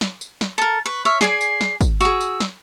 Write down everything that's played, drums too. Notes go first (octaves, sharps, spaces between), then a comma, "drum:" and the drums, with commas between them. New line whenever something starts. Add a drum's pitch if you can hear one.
drum: snare
drum: tambourine
drum: snare
A4 A#4 A6
B4 C#6
C#5 E5 F6
G#4 D5 G#5 C7, drum: snare
drum: tambourine
drum: snare
drum: kick, tambourine
F#4 G#4 E6, drum: tambourine
drum: tambourine
drum: snare